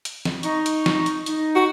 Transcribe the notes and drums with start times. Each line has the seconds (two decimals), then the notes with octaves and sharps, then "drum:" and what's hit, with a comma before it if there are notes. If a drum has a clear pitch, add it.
0.05 drum: hi-hat
0.25 drum: snare
0.43 D#4 C#6, drum: hi-hat
0.66 drum: hi-hat
0.86 drum: snare
1.06 drum: hi-hat
1.26 D#4, drum: hi-hat
1.55 F#4